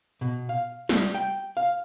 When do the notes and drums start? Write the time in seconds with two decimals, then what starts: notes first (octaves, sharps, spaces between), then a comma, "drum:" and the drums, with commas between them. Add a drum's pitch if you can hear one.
0.21 B2
0.49 F5
0.89 G3, drum: snare
1.15 G5
1.57 F5